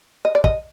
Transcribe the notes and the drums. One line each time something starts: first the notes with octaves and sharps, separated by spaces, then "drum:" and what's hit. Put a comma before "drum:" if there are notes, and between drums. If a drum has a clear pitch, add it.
D#5
D5
D#5, drum: kick